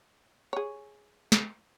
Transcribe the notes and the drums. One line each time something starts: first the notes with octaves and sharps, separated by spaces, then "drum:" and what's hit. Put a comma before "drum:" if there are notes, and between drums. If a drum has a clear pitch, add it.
G#4 C#5
drum: snare